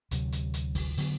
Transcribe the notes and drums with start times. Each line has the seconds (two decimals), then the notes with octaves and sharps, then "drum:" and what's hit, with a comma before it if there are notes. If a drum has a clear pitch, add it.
0.11 D2 C3 F#3, drum: hi-hat
0.32 drum: hi-hat
0.54 drum: hi-hat
0.75 drum: kick, open hi-hat
0.97 D3 F#3 B3, drum: open hi-hat